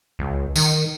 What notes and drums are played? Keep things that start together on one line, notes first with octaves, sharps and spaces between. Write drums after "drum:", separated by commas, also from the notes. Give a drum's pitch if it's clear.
C#2
D#3, drum: tambourine